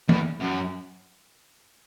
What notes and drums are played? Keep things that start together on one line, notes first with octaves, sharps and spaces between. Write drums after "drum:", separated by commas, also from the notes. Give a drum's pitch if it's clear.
E2, drum: tom
F#2